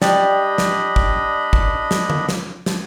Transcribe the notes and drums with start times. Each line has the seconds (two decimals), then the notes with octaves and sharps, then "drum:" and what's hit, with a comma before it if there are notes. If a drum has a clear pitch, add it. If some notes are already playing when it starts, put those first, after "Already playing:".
0.02 G3 D4 D#5 B5, drum: snare
0.58 drum: snare
0.96 drum: kick
1.53 drum: kick
1.91 drum: snare
2.10 drum: tom D3
2.29 drum: snare
2.66 drum: snare